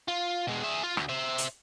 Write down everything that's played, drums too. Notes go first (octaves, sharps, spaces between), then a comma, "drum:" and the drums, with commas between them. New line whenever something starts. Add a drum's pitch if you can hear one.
F4
B2 G#3
G#4 E5
F4
D2, drum: rim click
C5 E5
drum: hi-hat